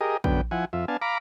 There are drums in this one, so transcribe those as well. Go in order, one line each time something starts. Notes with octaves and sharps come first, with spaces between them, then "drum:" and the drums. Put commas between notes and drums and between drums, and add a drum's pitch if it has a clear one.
G4 G#4 A#4 D#5
F#2 D3 B3 G5, drum: kick A#1
F3 E4 F#5 G#5
F2 F4 E5
B3 D4 F5 G#5 A5
F5 A#5 B5 D6